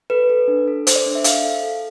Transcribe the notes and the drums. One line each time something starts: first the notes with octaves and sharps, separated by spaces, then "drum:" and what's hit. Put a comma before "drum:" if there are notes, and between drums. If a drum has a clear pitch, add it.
A4 B4
A4
D4
A4
A4 C5, drum: hi-hat
D5
D4
E5
A4 F5, drum: hi-hat
A4
A4